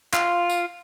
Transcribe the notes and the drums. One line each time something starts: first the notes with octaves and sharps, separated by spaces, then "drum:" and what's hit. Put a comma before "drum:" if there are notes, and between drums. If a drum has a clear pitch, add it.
F4, drum: clap
drum: tambourine